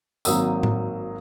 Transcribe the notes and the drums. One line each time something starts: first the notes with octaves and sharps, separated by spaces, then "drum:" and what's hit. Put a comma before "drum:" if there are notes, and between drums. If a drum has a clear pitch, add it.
G#1 F#3 A#3 D#6 E6, drum: tambourine
drum: tom A2